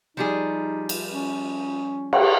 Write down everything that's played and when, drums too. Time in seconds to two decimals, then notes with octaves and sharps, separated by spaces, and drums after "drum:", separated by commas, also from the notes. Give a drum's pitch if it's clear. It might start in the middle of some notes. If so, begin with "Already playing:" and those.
0.17 F3 G3 D#4 G#4
0.89 drum: cymbal
1.11 C#4
2.13 drum: cymbal